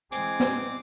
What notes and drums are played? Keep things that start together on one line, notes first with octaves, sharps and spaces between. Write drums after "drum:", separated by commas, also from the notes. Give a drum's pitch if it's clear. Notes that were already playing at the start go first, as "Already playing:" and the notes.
E3 G#3 C4 G#5 D6, drum: hi-hat
drum: snare